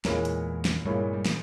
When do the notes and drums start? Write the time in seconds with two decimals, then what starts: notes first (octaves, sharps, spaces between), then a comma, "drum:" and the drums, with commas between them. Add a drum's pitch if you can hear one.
0.05 E2 A#2 E3 G#3 E4 A#4 C#5, drum: snare
0.25 drum: hi-hat
0.65 drum: snare
0.85 G2 A#2 G3 G#3 E4 A#4 C#5
1.13 G3
1.26 F3, drum: snare